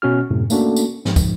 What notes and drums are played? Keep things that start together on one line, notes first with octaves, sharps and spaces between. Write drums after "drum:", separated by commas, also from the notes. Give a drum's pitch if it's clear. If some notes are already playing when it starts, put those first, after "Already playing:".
B2 C#4 F#4 F6
F#2 A2 C3
A3 A#3 C#4 D4 F#4 A4, drum: tambourine
drum: tambourine
G#2 F3, drum: snare
drum: kick, tambourine